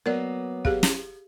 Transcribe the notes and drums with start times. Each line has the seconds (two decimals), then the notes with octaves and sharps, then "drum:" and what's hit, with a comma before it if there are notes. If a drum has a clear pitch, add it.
0.06 F#3 A#3 B3 A#4 D5
0.65 G4 G#4 F5, drum: kick
0.83 drum: snare